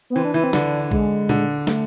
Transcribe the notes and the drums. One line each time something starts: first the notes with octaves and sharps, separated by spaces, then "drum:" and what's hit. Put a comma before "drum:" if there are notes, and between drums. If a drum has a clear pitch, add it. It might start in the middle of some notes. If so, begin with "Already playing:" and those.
B3
E3 C4
D4
E3 E4
C4
D3 D4, drum: snare
G#3, drum: kick
D3, drum: tom A#2
A3, drum: snare